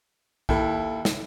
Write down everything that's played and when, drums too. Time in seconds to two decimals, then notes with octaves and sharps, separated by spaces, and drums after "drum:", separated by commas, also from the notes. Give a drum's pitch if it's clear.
0.49 D#2 E4 A4, drum: kick B1
1.05 drum: snare